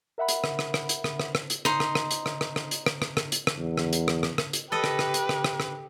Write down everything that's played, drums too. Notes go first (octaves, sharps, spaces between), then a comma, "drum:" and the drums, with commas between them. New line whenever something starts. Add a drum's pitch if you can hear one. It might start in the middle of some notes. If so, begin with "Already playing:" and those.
A#4 E5 F#5 B5
drum: hi-hat
drum: rim click
drum: rim click
drum: rim click
drum: hi-hat
drum: rim click
drum: rim click
drum: rim click
drum: hi-hat
D#4 C5, drum: rim click
drum: rim click
drum: rim click
drum: hi-hat
drum: rim click
drum: rim click
drum: rim click
drum: hi-hat
drum: rim click
drum: rim click
drum: rim click
drum: hi-hat
drum: rim click
E2
drum: rim click
drum: hi-hat
drum: rim click
drum: rim click
drum: rim click
drum: hi-hat
G4 A4 B4 D#5
drum: rim click
drum: rim click
drum: hi-hat
drum: rim click
drum: rim click
drum: rim click